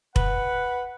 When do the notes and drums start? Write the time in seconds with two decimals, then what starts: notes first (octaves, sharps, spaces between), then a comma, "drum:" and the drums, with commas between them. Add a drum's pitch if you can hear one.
0.16 B4 F#5, drum: kick F1